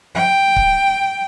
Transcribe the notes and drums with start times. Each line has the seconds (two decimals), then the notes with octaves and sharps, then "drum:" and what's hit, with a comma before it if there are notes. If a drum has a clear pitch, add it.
0.15 G5
0.56 drum: kick C#1